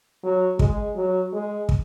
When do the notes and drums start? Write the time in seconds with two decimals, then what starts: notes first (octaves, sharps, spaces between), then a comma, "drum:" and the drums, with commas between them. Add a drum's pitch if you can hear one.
0.23 F#3
0.59 G#3, drum: kick
0.95 F#3
1.33 G#3
1.69 drum: kick